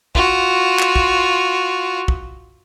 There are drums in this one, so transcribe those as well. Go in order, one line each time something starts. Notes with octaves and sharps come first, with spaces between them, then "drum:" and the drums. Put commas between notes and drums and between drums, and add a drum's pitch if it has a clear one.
F4 F#4, drum: kick
drum: clap
drum: kick
drum: kick